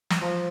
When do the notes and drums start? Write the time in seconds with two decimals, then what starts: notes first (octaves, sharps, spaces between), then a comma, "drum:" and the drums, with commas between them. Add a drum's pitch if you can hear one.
0.10 drum: snare
0.22 F3